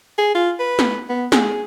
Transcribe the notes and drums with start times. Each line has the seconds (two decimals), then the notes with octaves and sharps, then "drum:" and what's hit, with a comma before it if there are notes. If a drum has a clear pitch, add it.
0.18 G#4
0.35 F4
0.59 B4
0.79 drum: snare
1.09 B3
1.32 G#4, drum: snare